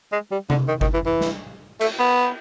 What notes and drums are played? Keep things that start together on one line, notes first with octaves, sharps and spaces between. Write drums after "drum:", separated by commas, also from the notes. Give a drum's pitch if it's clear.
G#3
G3
D3, drum: tom C3
D#3
D#3, drum: kick G1
E3
E3
drum: snare
A3, drum: cymbal
B3